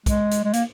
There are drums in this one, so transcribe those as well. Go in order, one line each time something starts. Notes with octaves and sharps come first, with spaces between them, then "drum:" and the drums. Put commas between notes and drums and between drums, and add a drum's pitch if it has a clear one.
G#3, drum: kick B1, hi-hat
drum: hi-hat
G#3
A#3, drum: hi-hat